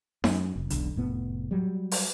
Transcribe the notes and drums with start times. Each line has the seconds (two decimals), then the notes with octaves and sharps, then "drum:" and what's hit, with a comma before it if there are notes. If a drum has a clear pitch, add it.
0.24 F#2, drum: snare D#4
0.56 F1
0.70 E1 B1 D3, drum: hi-hat
0.96 F1 A2 B3
1.51 F#3 G3
1.91 drum: open hi-hat